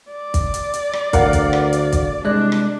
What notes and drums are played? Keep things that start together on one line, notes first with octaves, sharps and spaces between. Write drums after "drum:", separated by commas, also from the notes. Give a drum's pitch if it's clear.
D5
drum: kick, hi-hat
drum: hi-hat
drum: hi-hat
drum: rim click
D2 A#4 F5 F#5, drum: kick, hi-hat
drum: kick, hi-hat
drum: rim click
drum: hi-hat
drum: kick, hi-hat
C2 G#3 D4 D5 F#6
drum: rim click